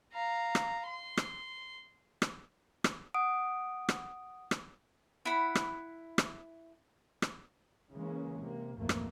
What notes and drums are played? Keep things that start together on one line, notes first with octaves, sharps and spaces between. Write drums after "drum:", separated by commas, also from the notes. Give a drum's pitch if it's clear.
F5 A#5
drum: rim click
C6
drum: rim click
drum: rim click
drum: rim click
F#5 D#6 D7
drum: rim click
drum: rim click
E4 F#5 B5
drum: rim click
drum: rim click
drum: rim click
C#3 E3 G#3 A#3 C#4
C3 A#3
B1 F2 G#2 B2 A3 A#3
drum: rim click